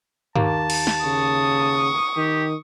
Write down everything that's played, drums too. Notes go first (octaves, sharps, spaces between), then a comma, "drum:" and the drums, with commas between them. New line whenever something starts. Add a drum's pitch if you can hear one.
D#2 A#3 A5, drum: tom G2
drum: cymbal
drum: snare
C#3 C#6 D#6
D#3 G4